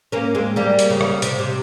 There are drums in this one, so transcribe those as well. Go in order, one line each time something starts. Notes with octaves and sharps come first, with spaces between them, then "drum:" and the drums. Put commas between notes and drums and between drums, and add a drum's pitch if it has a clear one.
A#3 C#4
G#3 C4
G3 A#3
drum: hi-hat
C#3
drum: rim click
C3, drum: hi-hat
C3